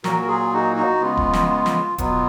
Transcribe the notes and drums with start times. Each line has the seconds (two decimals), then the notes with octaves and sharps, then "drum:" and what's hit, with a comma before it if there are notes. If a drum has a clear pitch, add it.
0.04 A#2 F#3 A#3 F#4 A#4, drum: snare
0.22 A#4
0.28 F4 G#4
0.53 D#4 F#4
0.77 D#4 F#4
1.01 C#3 G#3 B3 F4
1.17 drum: kick D#1
1.33 drum: snare
1.50 F4
1.66 drum: snare
1.98 B2 F#3 B3 F4, drum: kick D#1, hi-hat